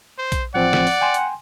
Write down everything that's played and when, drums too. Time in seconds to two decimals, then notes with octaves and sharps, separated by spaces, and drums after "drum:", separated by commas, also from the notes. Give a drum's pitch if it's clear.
0.18 C5
0.32 drum: kick A#1, hi-hat
0.54 A1 F3 C4 D5 F#5
0.73 drum: snare
0.87 drum: open hi-hat
1.01 G5 G#5 C6
1.14 drum: hi-hat